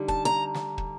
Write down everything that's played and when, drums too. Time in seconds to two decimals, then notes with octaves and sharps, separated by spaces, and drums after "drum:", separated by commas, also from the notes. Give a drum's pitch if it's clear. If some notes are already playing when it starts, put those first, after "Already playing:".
Already playing: D3 G3 D#4
0.08 A5, drum: kick
0.25 A#5
0.55 drum: snare
0.78 drum: kick